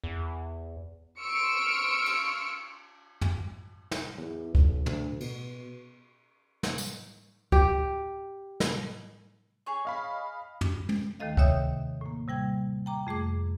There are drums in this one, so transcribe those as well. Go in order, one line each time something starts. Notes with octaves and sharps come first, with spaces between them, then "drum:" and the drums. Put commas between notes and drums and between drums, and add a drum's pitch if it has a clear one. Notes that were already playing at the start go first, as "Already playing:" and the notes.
E2
C6 C#6 E6 F6 C#7 D7
drum: cymbal
drum: tom
drum: snare
E2
B1, drum: kick C#2
D2, drum: tom
B2, drum: cymbal
drum: snare
drum: tambourine
G4, drum: kick C#2
drum: snare
G#4 C#5 C#6
D#5 F5 B5
drum: tom
drum: tom
D#2 D#3 A3 A4 D#5 F5
D#2 C3 C#5 E5 D#6 G6, drum: kick C#2
A2 A#3
C3 G3 G5 G#6
G5 A#5 D6
F2 A3 G#4 D6